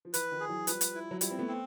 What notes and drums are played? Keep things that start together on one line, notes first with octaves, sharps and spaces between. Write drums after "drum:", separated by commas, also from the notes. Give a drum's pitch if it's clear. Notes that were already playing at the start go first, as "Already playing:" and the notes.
F3
E3 B4, drum: hi-hat
D#3 F3
G#4
E3 F#3
F3 G3 B4, drum: hi-hat
drum: hi-hat
E4
F#3
F3 G3 E4, drum: hi-hat
C4
A3 B3
C4